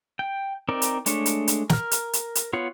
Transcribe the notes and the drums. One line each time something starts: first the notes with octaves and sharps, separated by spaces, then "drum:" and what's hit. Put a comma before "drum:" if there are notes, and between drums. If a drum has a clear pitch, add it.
G5
C4 D#4 A#4 D5
drum: hi-hat
G#3 A3 D4 C#5, drum: hi-hat
drum: hi-hat
drum: hi-hat
A#4 F6, drum: snare
drum: hi-hat
drum: hi-hat
drum: hi-hat
B3 F4 C#5 F#5